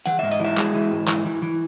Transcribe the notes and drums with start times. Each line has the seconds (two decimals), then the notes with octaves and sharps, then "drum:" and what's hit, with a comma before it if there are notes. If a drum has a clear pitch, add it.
0.06 E3 F#5, drum: hi-hat
0.19 G#2 E5
0.31 D#5, drum: hi-hat
0.40 E3 E5
0.58 G#3, drum: clap
0.74 E3
0.92 G#2
1.08 E3, drum: clap
1.25 E3
1.42 E3